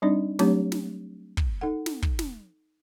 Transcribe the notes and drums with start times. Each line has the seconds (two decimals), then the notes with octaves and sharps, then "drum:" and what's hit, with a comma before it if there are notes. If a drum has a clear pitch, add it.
0.02 G3 C4 D4 D#4 D5
0.39 F#3 A3 C4 D4 G4 C#5, drum: snare
0.72 drum: snare
1.37 drum: kick
1.61 D#4 A4 F#5
1.86 drum: snare
2.02 drum: kick
2.19 drum: snare